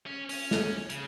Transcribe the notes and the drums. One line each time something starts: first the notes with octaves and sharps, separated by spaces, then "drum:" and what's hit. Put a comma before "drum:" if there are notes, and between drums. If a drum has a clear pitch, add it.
C#4
C#4, drum: open hi-hat
drum: snare
C#3, drum: hi-hat